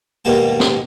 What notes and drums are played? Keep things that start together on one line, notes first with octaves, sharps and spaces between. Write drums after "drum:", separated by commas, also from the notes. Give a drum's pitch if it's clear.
D#2 G#2 B2 G3 A#3 A5
drum: snare